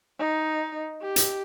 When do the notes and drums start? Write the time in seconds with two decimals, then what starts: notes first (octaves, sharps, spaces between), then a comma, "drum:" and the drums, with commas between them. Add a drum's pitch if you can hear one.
0.19 D#4
1.02 G4
1.16 drum: hi-hat